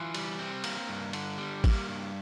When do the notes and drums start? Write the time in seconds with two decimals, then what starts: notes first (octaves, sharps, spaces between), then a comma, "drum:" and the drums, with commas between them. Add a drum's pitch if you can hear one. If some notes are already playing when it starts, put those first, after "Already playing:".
Already playing: E3 F4
0.14 G3, drum: cymbal
0.39 C4
0.64 A#3, drum: cymbal
0.89 G2
1.13 D3, drum: cymbal
1.38 G3
1.64 A#3, drum: kick G#1, cymbal
1.88 G2